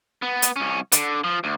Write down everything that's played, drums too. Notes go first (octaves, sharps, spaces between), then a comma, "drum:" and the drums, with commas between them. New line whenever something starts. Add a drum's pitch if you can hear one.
B3
drum: hi-hat
C2 C#4
D3, drum: hi-hat
F3
D2